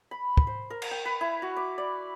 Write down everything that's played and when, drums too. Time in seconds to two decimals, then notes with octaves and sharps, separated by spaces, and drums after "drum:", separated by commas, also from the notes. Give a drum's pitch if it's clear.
0.11 B5
0.37 drum: kick
0.47 C5
0.70 A#4
0.82 drum: cymbal
0.91 G5
1.05 B4
1.21 E4
1.42 F#4
1.57 D6
1.78 D5